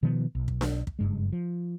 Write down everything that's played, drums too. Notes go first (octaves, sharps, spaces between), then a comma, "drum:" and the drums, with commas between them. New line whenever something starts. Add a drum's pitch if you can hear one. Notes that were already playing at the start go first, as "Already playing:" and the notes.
B2 D#3 F3 B3
B1
drum: kick
drum: snare D4
drum: kick
F#1 G2 G#3
F3